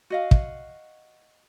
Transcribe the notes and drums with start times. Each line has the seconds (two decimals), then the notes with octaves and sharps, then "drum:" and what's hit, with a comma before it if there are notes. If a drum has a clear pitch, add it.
0.10 F#4 D#5 F5
0.31 drum: kick